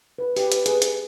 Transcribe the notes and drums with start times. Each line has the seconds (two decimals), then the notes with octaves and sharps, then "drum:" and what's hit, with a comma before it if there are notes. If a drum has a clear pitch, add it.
0.18 B4
0.36 G4 B4, drum: open hi-hat
0.52 drum: hi-hat
0.66 G#4, drum: hi-hat
0.82 drum: hi-hat